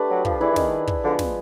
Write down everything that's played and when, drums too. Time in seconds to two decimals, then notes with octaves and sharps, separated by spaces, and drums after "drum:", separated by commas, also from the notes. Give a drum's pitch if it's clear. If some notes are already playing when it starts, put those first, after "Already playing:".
Already playing: A3 D4 G4 B4
0.09 F#3
0.25 F3, drum: kick
0.40 E3 E4 G#4 B4 D5
0.52 E3
0.56 D#3, drum: snare
0.87 drum: kick
1.03 D3 F3 G#3 B3
1.19 drum: snare